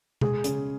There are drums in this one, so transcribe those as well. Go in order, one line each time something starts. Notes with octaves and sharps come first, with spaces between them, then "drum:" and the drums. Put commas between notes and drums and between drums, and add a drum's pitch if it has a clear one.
G#3 G#4, drum: tom B2
C#3, drum: hi-hat